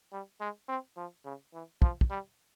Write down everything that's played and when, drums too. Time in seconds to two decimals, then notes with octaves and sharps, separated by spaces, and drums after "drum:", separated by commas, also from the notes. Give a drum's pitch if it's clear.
0.13 G3
0.41 G#3
0.69 C4
0.97 F3
1.25 C#3
1.54 E3
1.82 F3, drum: kick
2.01 drum: kick
2.10 G3